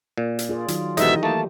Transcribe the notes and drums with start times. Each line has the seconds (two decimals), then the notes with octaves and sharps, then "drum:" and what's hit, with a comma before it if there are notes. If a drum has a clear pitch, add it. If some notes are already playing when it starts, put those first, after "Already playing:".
0.18 A#2
0.39 drum: hi-hat
0.49 F4 G#4 D5
0.68 D#3 F#3 F4, drum: hi-hat
0.97 G#2 B2 E3 D#4 G4 A4 D#5 E5, drum: hi-hat
1.23 A3 A#3 A5